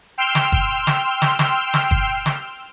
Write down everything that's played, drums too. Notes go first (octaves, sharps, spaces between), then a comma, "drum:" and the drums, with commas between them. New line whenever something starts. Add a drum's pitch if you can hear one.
G5 C6 E6 F6
drum: snare
drum: kick
drum: snare
drum: snare
drum: snare
drum: snare
drum: kick
drum: snare